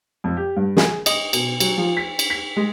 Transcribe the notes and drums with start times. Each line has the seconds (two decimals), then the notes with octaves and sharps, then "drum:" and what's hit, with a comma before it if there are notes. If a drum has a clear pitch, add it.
0.24 F2
0.37 G4
0.56 G2
0.77 G#4, drum: snare
1.06 D#5, drum: cymbal
1.33 B2, drum: cymbal
1.60 F#3, drum: cymbal
1.77 F3
1.97 B6
2.19 drum: cymbal
2.30 B6
2.56 G#3